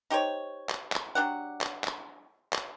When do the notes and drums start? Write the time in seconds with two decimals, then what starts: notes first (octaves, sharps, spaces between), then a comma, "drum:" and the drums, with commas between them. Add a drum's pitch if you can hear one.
0.10 D#4 G4 C5 C#5
0.69 drum: clap
0.92 drum: clap
1.15 F#3 D4 G4 F#5
1.61 drum: clap
1.84 drum: clap
2.53 drum: clap